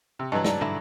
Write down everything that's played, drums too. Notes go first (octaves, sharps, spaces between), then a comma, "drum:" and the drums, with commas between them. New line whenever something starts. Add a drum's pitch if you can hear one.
C3
G2 E3 F#3 D#5 A5 A#5
D5 A#5, drum: snare
G#2 D3 E4 A#6